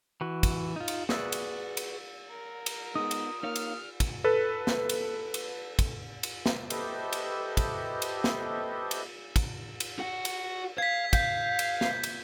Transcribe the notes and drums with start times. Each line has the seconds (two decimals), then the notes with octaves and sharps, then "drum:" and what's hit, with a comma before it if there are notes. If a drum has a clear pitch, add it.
0.21 E3 F#4
0.43 drum: kick, cymbal
0.76 D#4 F4
0.88 drum: cymbal
1.09 F#4 G#4 B4 D5 E6, drum: snare
1.32 drum: cymbal
1.77 drum: cymbal
2.30 A#4
2.66 drum: cymbal
2.96 G#3 B3 D#4 D#6
3.11 drum: cymbal
3.43 A#3 D#4 C#5 F5 F6
3.56 drum: cymbal
4.00 drum: kick, cymbal
4.24 A4 B4
4.67 drum: snare
4.89 drum: cymbal
5.34 drum: cymbal
5.79 drum: kick, cymbal
6.23 drum: cymbal
6.46 drum: snare
6.70 G4 A4 B4 C5 D#5 E5, drum: cymbal
7.13 drum: cymbal
7.57 drum: kick, cymbal
8.02 drum: cymbal
8.24 drum: snare
8.91 drum: cymbal
9.36 drum: kick, cymbal
9.80 drum: cymbal
9.99 F#4 F#5
10.25 drum: cymbal
10.78 F5 G#6 B6
11.13 F5 G6, drum: kick, cymbal
11.59 drum: cymbal
11.81 drum: snare
12.03 drum: cymbal